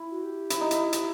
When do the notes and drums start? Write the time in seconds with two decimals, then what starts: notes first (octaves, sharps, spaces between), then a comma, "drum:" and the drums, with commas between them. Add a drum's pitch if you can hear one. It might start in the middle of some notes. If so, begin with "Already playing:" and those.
Already playing: E4
0.11 F#4
0.23 G4
0.50 E4, drum: hi-hat
0.61 D#4
0.71 E4, drum: hi-hat
0.93 drum: hi-hat